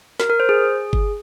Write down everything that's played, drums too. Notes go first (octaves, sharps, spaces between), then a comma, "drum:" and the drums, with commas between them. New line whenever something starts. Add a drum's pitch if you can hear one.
A#4, drum: snare
A#4
C5
G#4
drum: kick G1